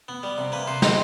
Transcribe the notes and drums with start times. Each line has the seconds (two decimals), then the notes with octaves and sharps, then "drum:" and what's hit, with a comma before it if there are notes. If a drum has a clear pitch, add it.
0.08 B3
0.23 G3
0.38 C3
0.52 A#3 B4
0.67 C3 C5
0.82 G#3 C5, drum: snare